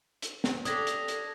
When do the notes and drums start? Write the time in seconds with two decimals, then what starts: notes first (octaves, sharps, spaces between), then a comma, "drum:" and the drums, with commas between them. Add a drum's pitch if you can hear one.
0.22 drum: hi-hat
0.44 drum: snare
0.65 D4 G4 A4 D#6 G#6 A#6, drum: hi-hat
0.87 drum: hi-hat
1.08 drum: hi-hat